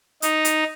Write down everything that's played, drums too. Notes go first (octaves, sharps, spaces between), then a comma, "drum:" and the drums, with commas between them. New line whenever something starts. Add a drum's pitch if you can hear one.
D#4, drum: hi-hat
drum: hi-hat